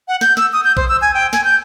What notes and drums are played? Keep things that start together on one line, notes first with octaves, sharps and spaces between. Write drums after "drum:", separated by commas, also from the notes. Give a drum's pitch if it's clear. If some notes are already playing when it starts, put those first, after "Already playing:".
F#5
G6, drum: snare
E6, drum: snare
D#6
G6
C5, drum: kick
E6
G#5
G5
G#5, drum: snare
G6